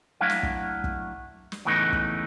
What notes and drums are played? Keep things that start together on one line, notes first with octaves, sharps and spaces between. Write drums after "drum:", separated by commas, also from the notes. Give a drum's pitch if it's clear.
F#3 A3 D4 E4 F5
drum: snare
drum: kick
drum: kick
drum: snare
E2 A2 C#3 E3 A3 D#4
drum: kick